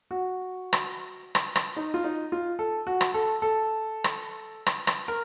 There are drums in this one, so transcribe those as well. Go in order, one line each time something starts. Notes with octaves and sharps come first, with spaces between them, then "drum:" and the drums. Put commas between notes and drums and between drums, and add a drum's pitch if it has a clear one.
F#4
drum: rim click
drum: rim click
drum: rim click
D#4
F4
D#4
F4
A4
F#4
drum: rim click
A4
A4
drum: rim click
drum: rim click
drum: rim click
A#4